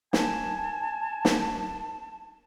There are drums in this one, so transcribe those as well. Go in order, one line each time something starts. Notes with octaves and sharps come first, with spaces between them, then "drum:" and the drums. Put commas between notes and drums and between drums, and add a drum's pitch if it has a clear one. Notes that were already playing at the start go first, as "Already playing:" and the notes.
G#5 A5, drum: snare
drum: snare